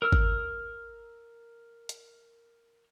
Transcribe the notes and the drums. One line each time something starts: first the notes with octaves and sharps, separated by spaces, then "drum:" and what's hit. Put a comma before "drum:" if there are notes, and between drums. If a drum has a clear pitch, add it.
A#4 E6 F6
drum: kick G#1
drum: hi-hat